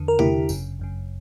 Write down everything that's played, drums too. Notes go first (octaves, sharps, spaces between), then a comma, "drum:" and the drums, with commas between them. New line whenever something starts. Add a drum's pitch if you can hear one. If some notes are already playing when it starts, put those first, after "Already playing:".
Already playing: E2 D3
A#4
E2 D3 E4 G4, drum: tom C3
G1 F#2 C#3, drum: tambourine
G1 F#2 C#3